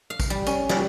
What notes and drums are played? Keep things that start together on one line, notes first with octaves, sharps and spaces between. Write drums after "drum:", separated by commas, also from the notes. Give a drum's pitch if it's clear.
F5
drum: kick, tambourine
G3
C#4, drum: tambourine
G3, drum: snare